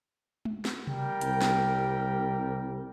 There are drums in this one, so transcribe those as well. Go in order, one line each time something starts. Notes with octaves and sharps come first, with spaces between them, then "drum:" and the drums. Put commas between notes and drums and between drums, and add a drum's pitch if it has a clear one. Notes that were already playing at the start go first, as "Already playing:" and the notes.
drum: tom G#3
drum: snare
G3 A#4 G5, drum: tom C3
C2, drum: hi-hat
drum: snare